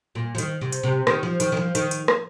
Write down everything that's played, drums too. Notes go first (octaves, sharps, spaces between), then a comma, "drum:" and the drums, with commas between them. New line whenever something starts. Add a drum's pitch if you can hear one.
A#2
F3
D#3, drum: hi-hat
C3
drum: hi-hat
C3
D#3, drum: rim click
F3
D#3, drum: hi-hat
D#3
F3
D#3, drum: hi-hat
drum: hi-hat
drum: rim click